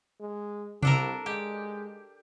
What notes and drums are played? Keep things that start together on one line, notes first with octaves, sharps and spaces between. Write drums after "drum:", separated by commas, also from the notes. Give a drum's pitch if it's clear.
G#3
C2 D4 A4 A#4, drum: tom C3
G#3 G4